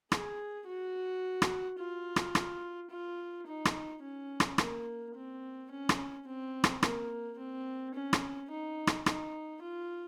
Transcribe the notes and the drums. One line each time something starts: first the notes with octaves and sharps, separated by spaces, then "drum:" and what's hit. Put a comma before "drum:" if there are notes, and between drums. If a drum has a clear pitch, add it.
G#4, drum: rim click
F#4
drum: rim click
F4
drum: rim click
drum: rim click
F4
D#4
drum: rim click
C#4
drum: rim click
A#3, drum: rim click
C4
C#4
drum: rim click
C4
drum: rim click
A#3, drum: rim click
C4
C#4
drum: rim click
D#4
drum: rim click
D#4, drum: rim click
F4